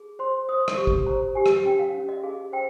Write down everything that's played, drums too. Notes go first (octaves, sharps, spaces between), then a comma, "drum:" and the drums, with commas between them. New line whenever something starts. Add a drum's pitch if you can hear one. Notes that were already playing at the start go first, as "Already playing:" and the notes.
Already playing: G#4
C5 C6
C5 D#6
drum: rim click
G4 C#6
drum: kick
C5 A#5
G4 G#5
drum: rim click
C#4 G5
F5
C#4
D#5
G#4 F5
C5 G5